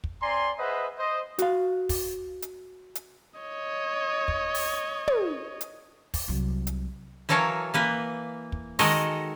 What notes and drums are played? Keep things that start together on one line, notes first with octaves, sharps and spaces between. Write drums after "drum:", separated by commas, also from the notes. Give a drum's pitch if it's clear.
drum: kick
C4 D5 G#5 A#5 C6
G#4 B4 C5 D#5 E5 F#5
C5 D#5
F#4 F5, drum: hi-hat
drum: kick, open hi-hat
drum: hi-hat
drum: hi-hat
C#5 D#5
drum: kick
drum: open hi-hat
drum: tom
drum: hi-hat
drum: kick, open hi-hat
C2 F#3
drum: hi-hat
E3 F#3 A4 A#4 C#5 F5
E3 A#3 B4
drum: kick
D#3 G#3 F#4 A4 A#4 D#5, drum: open hi-hat